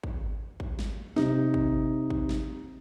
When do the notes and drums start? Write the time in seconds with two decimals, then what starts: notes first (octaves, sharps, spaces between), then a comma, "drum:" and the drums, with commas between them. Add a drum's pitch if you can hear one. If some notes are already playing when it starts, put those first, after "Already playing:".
0.04 drum: kick G#1
0.60 drum: kick G#1
0.79 drum: snare
1.16 C3 D#4, drum: snare
1.54 drum: kick G#1
2.10 drum: kick G#1
2.29 drum: snare